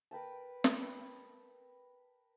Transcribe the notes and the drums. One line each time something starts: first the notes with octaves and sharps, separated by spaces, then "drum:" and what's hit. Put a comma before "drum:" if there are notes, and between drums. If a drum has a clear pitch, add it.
A#4 B4 G5 A5
drum: snare